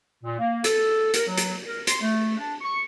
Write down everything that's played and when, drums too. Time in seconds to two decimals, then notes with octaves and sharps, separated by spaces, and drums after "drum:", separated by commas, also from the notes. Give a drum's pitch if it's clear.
0.24 A#2
0.39 A#3
0.64 A4, drum: hi-hat
1.14 A#4, drum: hi-hat
1.28 F#3
1.38 drum: hi-hat
1.66 A#4
1.87 C6, drum: hi-hat
2.01 A3
2.37 D4
2.61 C#6